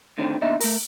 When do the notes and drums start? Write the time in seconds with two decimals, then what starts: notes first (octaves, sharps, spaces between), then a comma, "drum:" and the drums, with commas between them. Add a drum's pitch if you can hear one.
0.18 A2 D3 D#3 C4 D4
0.41 D#2 B2 D4 D#4 E5
0.60 A3 A#4, drum: open hi-hat